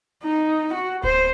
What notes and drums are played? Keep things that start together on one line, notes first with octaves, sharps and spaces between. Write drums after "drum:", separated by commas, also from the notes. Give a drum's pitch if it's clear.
D#4
F#4
C5, drum: kick D1